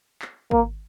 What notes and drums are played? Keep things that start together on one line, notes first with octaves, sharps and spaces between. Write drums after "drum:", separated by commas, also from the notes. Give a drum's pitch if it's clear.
drum: clap
A#3, drum: kick